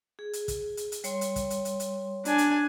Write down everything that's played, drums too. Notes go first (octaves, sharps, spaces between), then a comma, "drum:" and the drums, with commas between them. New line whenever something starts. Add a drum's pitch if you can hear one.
G#4
drum: hi-hat
drum: kick, hi-hat
drum: hi-hat
drum: hi-hat
G3 C#5 C6, drum: hi-hat
drum: hi-hat
drum: kick, hi-hat
drum: hi-hat
drum: hi-hat
drum: hi-hat
D4 G#5, drum: hi-hat
drum: hi-hat